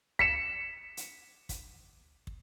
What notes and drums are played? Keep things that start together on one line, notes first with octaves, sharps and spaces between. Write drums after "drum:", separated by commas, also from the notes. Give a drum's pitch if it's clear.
B6 C#7 E7, drum: kick
drum: hi-hat
drum: kick, hi-hat
drum: kick